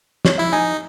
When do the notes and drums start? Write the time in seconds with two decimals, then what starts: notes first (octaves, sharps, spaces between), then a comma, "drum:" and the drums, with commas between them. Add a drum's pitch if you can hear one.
0.25 C#5, drum: snare
0.38 E4 E5
0.52 D#4 G#5